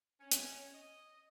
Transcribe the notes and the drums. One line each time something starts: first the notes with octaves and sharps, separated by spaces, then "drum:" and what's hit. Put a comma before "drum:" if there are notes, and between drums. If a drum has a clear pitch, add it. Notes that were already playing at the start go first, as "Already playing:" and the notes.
C#4
drum: hi-hat
D#5